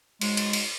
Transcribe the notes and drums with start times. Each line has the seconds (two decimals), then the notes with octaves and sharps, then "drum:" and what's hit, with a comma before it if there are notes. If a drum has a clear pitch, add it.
0.21 G#2 F#3 G#3, drum: cymbal
0.37 drum: cymbal
0.53 drum: cymbal